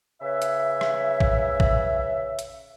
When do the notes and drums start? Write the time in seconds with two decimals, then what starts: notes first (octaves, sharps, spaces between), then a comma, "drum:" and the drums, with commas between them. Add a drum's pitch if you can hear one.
0.22 C#3 B4 C#5 E5
0.42 drum: hi-hat
0.81 drum: rim click
1.20 drum: kick A#1
1.60 drum: kick A#1
2.39 drum: hi-hat